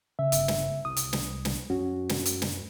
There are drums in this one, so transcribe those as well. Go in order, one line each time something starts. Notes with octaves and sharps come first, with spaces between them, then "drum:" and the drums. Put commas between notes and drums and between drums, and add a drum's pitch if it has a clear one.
C#3 E5
G1, drum: hi-hat
drum: snare
C2 D#6
drum: hi-hat
drum: snare
drum: snare
F#2 C#4 F#4
drum: snare
drum: hi-hat
drum: snare